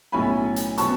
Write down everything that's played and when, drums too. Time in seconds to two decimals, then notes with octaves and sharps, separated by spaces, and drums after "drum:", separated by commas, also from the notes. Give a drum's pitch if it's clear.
0.12 B1 A2 F#3 C#4 E4 G#5 B5
0.56 drum: hi-hat
0.78 B2 F#3 C#4 A5 C#6, drum: hi-hat